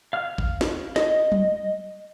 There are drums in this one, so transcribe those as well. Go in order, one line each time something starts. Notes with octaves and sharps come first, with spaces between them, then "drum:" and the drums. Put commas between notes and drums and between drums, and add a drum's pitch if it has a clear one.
F5 F6
drum: kick A1
drum: snare
D#5, drum: snare
drum: tom F#3